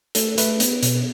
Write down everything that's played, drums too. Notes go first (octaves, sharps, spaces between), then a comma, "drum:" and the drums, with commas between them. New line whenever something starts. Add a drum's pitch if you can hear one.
A3 A4, drum: hi-hat
A3 B4, drum: hi-hat
B3, drum: hi-hat
B2, drum: hi-hat